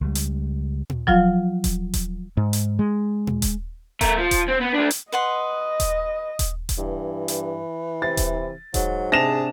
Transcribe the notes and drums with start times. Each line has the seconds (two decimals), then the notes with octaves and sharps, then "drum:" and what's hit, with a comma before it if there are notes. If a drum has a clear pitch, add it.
0.01 C#2 G3
0.15 drum: hi-hat
0.90 drum: tom
1.07 F3 F#3 F4 F5, drum: kick D#1
1.64 drum: kick D#1, hi-hat
1.94 drum: kick D#1, hi-hat
2.37 G#2
2.53 drum: hi-hat
2.79 G#3
3.27 drum: tom
3.42 drum: kick D#1, hi-hat
4.01 A3 A#4, drum: kick D#1, hi-hat
4.18 F3
4.31 drum: kick D#1, hi-hat
4.48 C4
4.61 B3
4.74 A3 D4
4.91 drum: hi-hat
5.12 B4 D#5 F#5 C6
5.80 drum: kick D#1, hi-hat
6.39 drum: kick D#1, hi-hat
6.69 drum: kick D#1, hi-hat
6.78 G2 E3
7.28 drum: hi-hat
8.02 C3 A6
8.17 drum: kick D#1, hi-hat
8.74 G#2 F#3, drum: kick D#1, hi-hat
9.12 C3 D4 G#4 A5 A#6 E7 F7